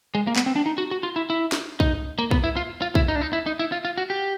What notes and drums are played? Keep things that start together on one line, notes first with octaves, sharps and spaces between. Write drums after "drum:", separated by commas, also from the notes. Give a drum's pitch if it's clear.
G#3
A#3
B3, drum: clap
C4
D4
D#4
F#4
F#4
F4
E4
E4
drum: snare
D#4, drum: kick
A#3
B3, drum: kick
E4
F4
F4
E4, drum: kick
D#4
D4
D#4
E4
D#4
E4
F4
F4
F#4
G4